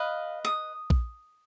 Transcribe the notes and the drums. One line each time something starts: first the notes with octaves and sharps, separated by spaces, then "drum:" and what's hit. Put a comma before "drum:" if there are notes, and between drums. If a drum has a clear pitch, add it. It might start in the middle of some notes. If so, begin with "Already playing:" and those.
Already playing: B4 D#5 F5
D#6
drum: kick A#1